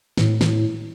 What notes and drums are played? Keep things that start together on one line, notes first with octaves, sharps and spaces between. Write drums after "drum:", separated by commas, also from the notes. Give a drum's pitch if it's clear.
A2, drum: snare
drum: snare